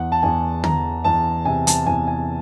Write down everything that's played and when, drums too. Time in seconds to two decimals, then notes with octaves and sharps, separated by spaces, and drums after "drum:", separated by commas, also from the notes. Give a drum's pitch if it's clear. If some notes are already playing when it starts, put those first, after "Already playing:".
Already playing: E2 F#5
0.12 A5
0.23 E2 G#5
0.64 E2 A#5, drum: tom
1.04 E2 A5
1.45 C3 G#5
1.67 A5, drum: hi-hat
1.86 E2 G#5
2.08 G#5